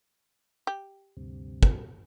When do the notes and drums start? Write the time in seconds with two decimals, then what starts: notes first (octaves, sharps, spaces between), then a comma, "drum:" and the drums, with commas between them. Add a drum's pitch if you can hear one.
0.67 G4
1.17 D2 G2 C3
1.63 drum: kick